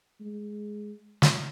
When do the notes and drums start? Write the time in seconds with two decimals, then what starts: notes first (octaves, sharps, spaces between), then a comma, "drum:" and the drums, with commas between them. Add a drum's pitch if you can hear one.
0.21 G#3
1.22 drum: snare